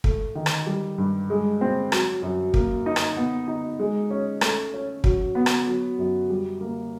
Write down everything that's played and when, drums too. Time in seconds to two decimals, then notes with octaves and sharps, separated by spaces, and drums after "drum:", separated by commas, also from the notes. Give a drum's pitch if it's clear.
0.04 A3, drum: kick
0.35 D#3
0.46 drum: rim click
0.66 G3
0.98 G2
1.30 G#3
1.61 C4
1.92 F#3, drum: rim click
2.23 F#2
2.54 A#3, drum: kick
2.86 D#4
2.96 drum: rim click
3.17 B3
3.48 D#4
3.79 G#3
4.10 C#4
4.41 A3, drum: rim click
4.73 C#4
5.04 F#3, drum: kick
5.35 B3
5.46 drum: rim click
5.67 F#3
5.99 F#2
6.30 G3
6.61 A#3